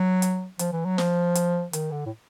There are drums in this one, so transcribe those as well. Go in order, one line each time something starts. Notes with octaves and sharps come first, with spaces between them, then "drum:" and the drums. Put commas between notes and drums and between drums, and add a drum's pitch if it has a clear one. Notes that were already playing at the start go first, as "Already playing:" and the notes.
Already playing: F#3
drum: hi-hat
F3, drum: hi-hat
E3
F#3
F3, drum: snare
drum: hi-hat
D#3, drum: hi-hat
D3
A2